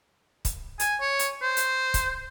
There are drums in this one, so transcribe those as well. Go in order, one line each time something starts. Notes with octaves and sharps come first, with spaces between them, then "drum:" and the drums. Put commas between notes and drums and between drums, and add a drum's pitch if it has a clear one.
drum: kick, hi-hat
G#5, drum: hi-hat
C#5
drum: hi-hat
C5
drum: hi-hat
drum: kick, hi-hat